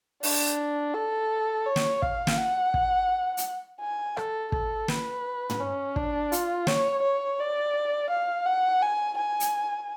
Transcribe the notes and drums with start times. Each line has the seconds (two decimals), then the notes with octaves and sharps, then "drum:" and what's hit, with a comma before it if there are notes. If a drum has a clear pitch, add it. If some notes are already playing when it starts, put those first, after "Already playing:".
0.23 D4, drum: open hi-hat
0.94 A4
1.66 C#5
1.76 drum: snare
2.02 F5, drum: kick
2.27 drum: snare
2.37 F#5
2.74 drum: kick
3.37 drum: hi-hat
3.81 G#5
4.17 A4, drum: rim click
4.52 A4, drum: kick
4.88 B4, drum: snare
5.50 drum: tom
5.60 C#4
5.96 D4, drum: kick
6.32 F4, drum: hi-hat
6.67 C#5, drum: snare
7.02 C#5
7.39 D5
8.10 F5
8.46 F#5
8.82 G#5
9.17 G#5
9.40 drum: hi-hat